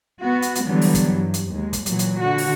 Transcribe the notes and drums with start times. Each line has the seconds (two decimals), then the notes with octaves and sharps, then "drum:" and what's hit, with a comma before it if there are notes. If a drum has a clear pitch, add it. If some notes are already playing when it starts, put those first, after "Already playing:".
0.21 B3 F#4
0.42 drum: hi-hat
0.55 drum: hi-hat
0.65 D3 E3 F#3 G3 B3
0.81 drum: open hi-hat
0.94 drum: kick, hi-hat
1.13 G2
1.34 drum: hi-hat
1.53 D#2 G#3
1.73 drum: kick, hi-hat
1.86 A#2 E3 F#3, drum: hi-hat
1.99 drum: hi-hat
2.21 D3 F#4
2.38 drum: open hi-hat